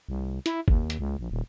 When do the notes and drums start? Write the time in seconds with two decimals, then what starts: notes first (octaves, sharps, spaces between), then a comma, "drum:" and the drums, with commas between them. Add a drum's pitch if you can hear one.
0.09 C2
0.46 E4, drum: hi-hat
0.68 D#2, drum: kick
0.90 drum: hi-hat
0.99 C#2
1.19 A#1
1.31 D#1